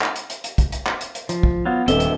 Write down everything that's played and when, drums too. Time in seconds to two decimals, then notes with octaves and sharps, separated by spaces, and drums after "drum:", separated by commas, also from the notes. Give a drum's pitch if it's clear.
0.01 drum: clap
0.16 drum: hi-hat
0.30 drum: hi-hat
0.44 drum: hi-hat
0.58 drum: kick, hi-hat
0.72 drum: hi-hat
0.87 drum: clap
1.01 drum: hi-hat
1.15 drum: hi-hat
1.29 F3, drum: hi-hat
1.43 drum: kick
1.66 F#3 B3 F4
1.88 D#1 G2 C4 A4 D#5 E5 G7, drum: hi-hat
2.00 drum: hi-hat